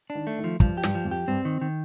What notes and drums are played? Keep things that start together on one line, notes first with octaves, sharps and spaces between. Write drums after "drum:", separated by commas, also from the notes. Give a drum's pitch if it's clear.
D4
D#3
A3
D#3
F3
G2 F3, drum: kick
G4
G2, drum: snare
F3
F2
G4
G2 C4
D#3
D#3